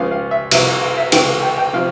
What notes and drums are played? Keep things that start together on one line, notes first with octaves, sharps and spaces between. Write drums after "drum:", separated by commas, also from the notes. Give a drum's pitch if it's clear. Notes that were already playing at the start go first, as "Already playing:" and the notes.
Already playing: C#2 C#3 F3 F5
F5
E5
C2 C3 F3 E5, drum: cymbal
F5
F5
E5
C#2 C3 E3 G5, drum: cymbal
F5
G5
G5
C3 F3 F5